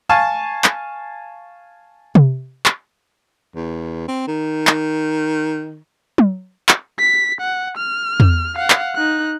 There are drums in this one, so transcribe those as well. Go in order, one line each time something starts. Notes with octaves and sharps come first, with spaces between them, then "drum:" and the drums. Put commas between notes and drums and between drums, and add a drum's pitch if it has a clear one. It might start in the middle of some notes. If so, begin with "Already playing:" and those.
F5 G#5 A5 C#6
drum: clap
drum: tom C3
drum: clap
E2
C4
D#3
drum: clap
drum: tom F#3
drum: clap
B6
F#5
F6
drum: tom E2
F5 F#5
drum: clap
D#4 F#6